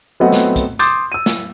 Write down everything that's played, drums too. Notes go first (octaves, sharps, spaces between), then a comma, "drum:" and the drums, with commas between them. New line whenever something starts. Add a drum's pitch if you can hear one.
F#3 A3 B3 C4 D#5 F#5
drum: snare
drum: kick, hi-hat
C6 D6 D#6 G6 A6, drum: hi-hat
E6 D#7
drum: snare